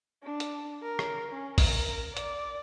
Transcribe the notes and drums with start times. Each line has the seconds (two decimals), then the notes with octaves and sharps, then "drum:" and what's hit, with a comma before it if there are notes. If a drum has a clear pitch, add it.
0.24 D4
0.40 drum: hi-hat
0.82 A#4
0.99 drum: rim click
1.32 C#4
1.58 drum: kick A1, open hi-hat
1.68 A#4
2.17 D5, drum: hi-hat